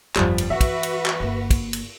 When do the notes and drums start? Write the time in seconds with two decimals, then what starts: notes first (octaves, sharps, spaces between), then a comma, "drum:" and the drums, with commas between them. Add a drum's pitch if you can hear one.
0.16 G1 F2 F3 G3, drum: clap
0.38 drum: cymbal
0.50 E3 F#4 B4 E5
0.61 drum: kick, cymbal
0.83 drum: cymbal
1.06 drum: clap
1.20 G1 A#3
1.50 drum: kick, cymbal
1.73 drum: cymbal